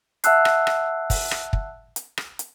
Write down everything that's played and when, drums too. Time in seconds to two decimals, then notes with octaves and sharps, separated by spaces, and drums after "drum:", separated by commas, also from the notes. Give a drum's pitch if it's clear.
0.24 E5 F#5 A5 E6 F#6 C7, drum: hi-hat
0.45 drum: rim click
0.67 drum: rim click
1.10 drum: kick, open hi-hat
1.31 drum: rim click
1.53 drum: kick
1.96 drum: hi-hat
2.18 drum: rim click
2.39 drum: hi-hat